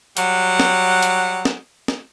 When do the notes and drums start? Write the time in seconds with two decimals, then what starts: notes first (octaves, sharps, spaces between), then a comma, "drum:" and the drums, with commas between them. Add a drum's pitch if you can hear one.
0.17 F#3 G3 F#5, drum: hi-hat
0.60 drum: snare
1.02 drum: hi-hat
1.45 drum: snare
1.88 drum: snare